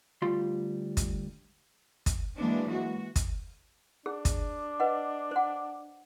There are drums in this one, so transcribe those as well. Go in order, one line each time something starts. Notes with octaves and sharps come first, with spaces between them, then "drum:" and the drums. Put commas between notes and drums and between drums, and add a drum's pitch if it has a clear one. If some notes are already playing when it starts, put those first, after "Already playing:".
D2 G3 F4 C6
drum: kick, hi-hat
drum: kick, hi-hat
E3 F#3 G#3 A#3 D4
F#4
drum: kick, hi-hat
D4 G#4
drum: kick, hi-hat
B4 D#5 F#5
C5 F#5